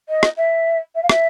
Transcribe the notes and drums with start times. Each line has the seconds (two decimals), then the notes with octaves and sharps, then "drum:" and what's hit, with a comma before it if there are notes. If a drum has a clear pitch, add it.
0.09 D#5
0.23 drum: rim click
0.37 E5
0.95 E5
1.03 F5
1.09 E5, drum: rim click